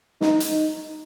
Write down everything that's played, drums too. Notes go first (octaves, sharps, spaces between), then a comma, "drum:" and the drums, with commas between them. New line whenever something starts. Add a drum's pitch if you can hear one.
D#4, drum: snare
drum: hi-hat